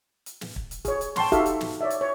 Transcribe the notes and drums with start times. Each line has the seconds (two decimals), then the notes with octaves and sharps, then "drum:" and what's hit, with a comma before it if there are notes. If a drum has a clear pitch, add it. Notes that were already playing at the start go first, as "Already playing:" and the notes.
0.26 drum: hi-hat
0.41 drum: snare
0.56 drum: kick
0.71 drum: hi-hat
0.85 G#4 C#5, drum: kick, hi-hat
1.01 drum: hi-hat
1.16 G5 A5 C6 C#6, drum: snare
1.32 D#4 F#4 G4 A4 E5 F5, drum: kick, hi-hat
1.46 drum: hi-hat
1.61 drum: snare
1.81 C#5 D5 E5
1.90 drum: hi-hat
2.01 C#5